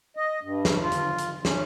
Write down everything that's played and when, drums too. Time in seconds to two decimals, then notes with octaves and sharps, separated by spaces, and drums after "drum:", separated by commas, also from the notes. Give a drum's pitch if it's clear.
0.16 D#5
0.43 G2
0.65 drum: snare
0.82 F4
0.92 drum: hi-hat
1.18 drum: hi-hat
1.45 C#4, drum: snare